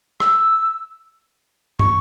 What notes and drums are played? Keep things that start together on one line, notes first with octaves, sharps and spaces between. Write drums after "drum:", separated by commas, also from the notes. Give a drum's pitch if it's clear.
E6, drum: rim click
C#6, drum: tom